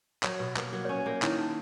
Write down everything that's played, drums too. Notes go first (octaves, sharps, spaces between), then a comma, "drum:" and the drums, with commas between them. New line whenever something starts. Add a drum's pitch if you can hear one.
F#3 A#4 C#5, drum: clap
B2 B4
A#3 B4, drum: clap
F#3 A#4
C#4 A#4 C#5
B4
A#3 A#4 C#5
D#3 E4, drum: clap
D#4